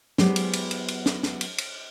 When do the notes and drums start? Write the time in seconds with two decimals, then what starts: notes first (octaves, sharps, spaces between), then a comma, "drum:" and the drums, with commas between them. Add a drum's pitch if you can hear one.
0.18 F#3 G#3 B3 E4 G4 C5, drum: snare
0.36 drum: cymbal
0.53 drum: cymbal
0.71 drum: cymbal
0.88 drum: cymbal
1.06 drum: snare
1.23 drum: snare
1.41 drum: cymbal
1.58 drum: cymbal